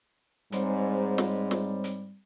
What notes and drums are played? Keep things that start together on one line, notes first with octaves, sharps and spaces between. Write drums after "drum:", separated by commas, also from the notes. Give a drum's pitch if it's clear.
G#2 G3 C4 C5 C#5, drum: hi-hat
drum: snare
drum: snare
drum: hi-hat